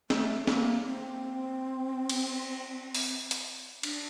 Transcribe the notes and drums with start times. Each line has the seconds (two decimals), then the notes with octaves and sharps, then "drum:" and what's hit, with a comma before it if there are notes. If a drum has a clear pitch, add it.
0.10 A3, drum: snare
0.47 A#3, drum: snare
0.86 C4
2.09 drum: cymbal
2.95 drum: open hi-hat
3.31 drum: hi-hat
3.83 D4, drum: cymbal